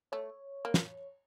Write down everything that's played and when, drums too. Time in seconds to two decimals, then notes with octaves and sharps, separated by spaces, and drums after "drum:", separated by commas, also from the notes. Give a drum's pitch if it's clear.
0.12 A3 C#5
0.65 A#3
0.74 drum: snare